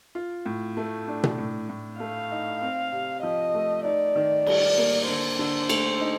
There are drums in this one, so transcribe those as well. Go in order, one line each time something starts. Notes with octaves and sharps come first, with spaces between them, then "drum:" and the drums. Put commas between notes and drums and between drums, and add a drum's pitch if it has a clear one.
F4
A2
A3
D4
drum: tom B2
A2
A2
A3 F5
D#4
C4
C3
F3 D#5
A3
D#4 D5
D#3
G3, drum: cymbal
A#3
D3 C5
D3
A3, drum: cymbal
D#4